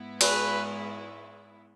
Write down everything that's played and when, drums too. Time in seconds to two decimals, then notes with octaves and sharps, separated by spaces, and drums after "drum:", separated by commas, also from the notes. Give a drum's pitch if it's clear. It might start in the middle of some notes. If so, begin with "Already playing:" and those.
Already playing: G#2 G#3 B3 E4
0.21 B4, drum: cymbal